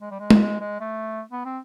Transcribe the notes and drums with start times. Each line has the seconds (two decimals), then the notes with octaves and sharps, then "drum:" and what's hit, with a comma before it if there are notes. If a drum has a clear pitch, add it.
0.02 G#3
0.11 G3
0.20 G#3
0.30 drum: tom G#3
0.41 G#3
0.61 G#3
0.80 A3
1.32 B3
1.45 C4